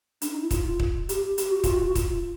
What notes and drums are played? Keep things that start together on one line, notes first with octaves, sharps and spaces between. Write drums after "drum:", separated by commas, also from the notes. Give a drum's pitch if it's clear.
D4, drum: hi-hat
D#4
E4
F4, drum: kick, hi-hat
drum: kick
G4, drum: hi-hat
G4, drum: hi-hat
F#4
F4, drum: kick, hi-hat
F#4
F4, drum: kick, hi-hat